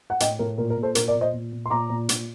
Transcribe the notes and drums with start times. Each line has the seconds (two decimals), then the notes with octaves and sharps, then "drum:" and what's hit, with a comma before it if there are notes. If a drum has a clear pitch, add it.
0.10 F#5
0.20 A2 D#5 G5, drum: hi-hat
0.39 A2 A#4
0.58 A#2 A#4
0.70 A#4
0.77 A#2
0.83 A4 C5
0.95 A#2 A#4, drum: hi-hat
1.08 A#4 D5
1.15 A#2
1.21 C5 D#5
1.33 A#2
1.52 A#2
1.66 C6
1.70 A#2 A#5 D6
1.90 A#2
2.09 A#2, drum: hi-hat